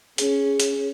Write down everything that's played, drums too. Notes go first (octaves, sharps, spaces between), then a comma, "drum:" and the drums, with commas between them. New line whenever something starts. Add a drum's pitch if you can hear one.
C#4 G#4, drum: hi-hat
drum: hi-hat